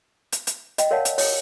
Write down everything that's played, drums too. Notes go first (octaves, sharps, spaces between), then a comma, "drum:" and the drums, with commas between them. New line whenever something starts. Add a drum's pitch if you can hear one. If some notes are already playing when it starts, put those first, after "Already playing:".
drum: hi-hat
drum: hi-hat
D#5 G5, drum: hi-hat
A#4 C#5 D5 F5 F#5 A5
drum: hi-hat
C#5, drum: open hi-hat